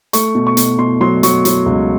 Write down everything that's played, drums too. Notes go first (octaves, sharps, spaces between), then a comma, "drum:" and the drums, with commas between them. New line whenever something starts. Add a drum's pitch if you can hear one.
A3 C#6, drum: hi-hat
B2
C#6
B2, drum: hi-hat
B2 C6
F#3 C6
F#3 C#6, drum: hi-hat
F#3, drum: hi-hat
C#2